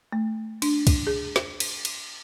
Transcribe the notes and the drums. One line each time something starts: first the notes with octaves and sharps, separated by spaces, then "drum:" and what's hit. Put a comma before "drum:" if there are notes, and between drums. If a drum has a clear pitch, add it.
A3
D4, drum: cymbal
drum: kick, cymbal
G#4
drum: snare
drum: cymbal
drum: cymbal